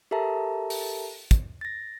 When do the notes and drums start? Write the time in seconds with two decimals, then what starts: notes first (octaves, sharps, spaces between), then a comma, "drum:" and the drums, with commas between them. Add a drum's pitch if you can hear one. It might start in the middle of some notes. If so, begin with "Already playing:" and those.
0.11 G4 A4 A#4 E5 A5 A#5
0.70 drum: open hi-hat
1.31 drum: kick, hi-hat
1.61 A6 A#6